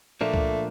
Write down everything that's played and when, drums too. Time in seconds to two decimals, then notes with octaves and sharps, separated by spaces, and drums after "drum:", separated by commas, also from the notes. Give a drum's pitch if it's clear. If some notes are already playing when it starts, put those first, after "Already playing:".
0.21 A#2 F3 A3 A#3 D4
0.34 drum: kick C#2